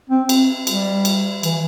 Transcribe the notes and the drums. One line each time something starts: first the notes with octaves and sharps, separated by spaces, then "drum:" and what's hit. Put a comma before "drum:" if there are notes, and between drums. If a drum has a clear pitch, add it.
C4
drum: cymbal
G3, drum: cymbal
drum: cymbal
E3, drum: cymbal